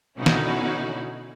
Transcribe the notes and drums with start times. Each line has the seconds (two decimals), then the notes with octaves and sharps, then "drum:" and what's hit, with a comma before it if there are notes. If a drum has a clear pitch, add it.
0.17 B2 D3 C#4 D#4 E4 F#4
0.26 drum: snare